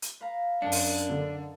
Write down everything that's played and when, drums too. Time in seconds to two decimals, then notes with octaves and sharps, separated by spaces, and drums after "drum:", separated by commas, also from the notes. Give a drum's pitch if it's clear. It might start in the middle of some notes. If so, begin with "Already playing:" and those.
0.02 drum: hi-hat
0.21 B4 F5 A#5
0.62 F#2 D4 D#4 A#4 A5 C#7
0.72 drum: open hi-hat
1.09 D3